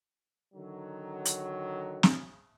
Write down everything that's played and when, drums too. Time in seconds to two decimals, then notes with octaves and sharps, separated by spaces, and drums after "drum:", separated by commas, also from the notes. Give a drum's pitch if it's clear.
0.54 D3 D#3 F#3
1.25 drum: hi-hat
2.03 drum: snare